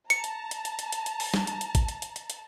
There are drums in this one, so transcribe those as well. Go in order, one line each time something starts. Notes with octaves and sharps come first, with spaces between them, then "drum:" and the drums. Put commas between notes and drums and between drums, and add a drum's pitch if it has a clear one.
A5 A#5 C#7, drum: hi-hat
drum: hi-hat
drum: hi-hat
drum: hi-hat
drum: hi-hat
drum: hi-hat
drum: hi-hat
drum: open hi-hat
drum: snare
drum: hi-hat
drum: hi-hat
drum: kick A1, hi-hat
drum: hi-hat
drum: hi-hat
drum: hi-hat
drum: hi-hat